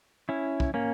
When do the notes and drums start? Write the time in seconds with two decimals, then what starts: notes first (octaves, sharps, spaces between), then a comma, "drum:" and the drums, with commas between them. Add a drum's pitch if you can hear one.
0.29 C#4 E4
0.60 drum: kick
0.74 A#3 C#4